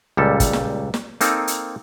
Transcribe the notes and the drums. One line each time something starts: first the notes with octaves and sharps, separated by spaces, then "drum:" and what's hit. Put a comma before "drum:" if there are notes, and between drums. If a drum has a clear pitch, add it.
C#2 A#2 G3 A4
drum: kick, hi-hat
drum: snare
drum: snare
A#3 C4 D#4 A4, drum: hi-hat
drum: hi-hat